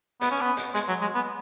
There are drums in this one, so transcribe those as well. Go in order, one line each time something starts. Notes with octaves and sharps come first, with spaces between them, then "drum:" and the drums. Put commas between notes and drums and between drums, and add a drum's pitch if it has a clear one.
B3, drum: hi-hat
C#4
B3
drum: hi-hat
G#3, drum: hi-hat
F#3
G#3
B3